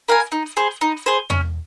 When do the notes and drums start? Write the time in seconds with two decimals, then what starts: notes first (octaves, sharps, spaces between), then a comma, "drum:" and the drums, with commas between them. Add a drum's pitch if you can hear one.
0.08 A#4 F5 G#5
0.32 D#4
0.57 G#4 C5
0.81 D#4
1.06 G#4 C5
1.30 C#4, drum: tom E2